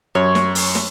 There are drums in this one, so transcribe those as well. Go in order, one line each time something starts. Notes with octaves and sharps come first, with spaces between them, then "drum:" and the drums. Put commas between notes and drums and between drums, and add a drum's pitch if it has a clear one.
F#2 C#5
drum: snare
drum: open hi-hat
drum: snare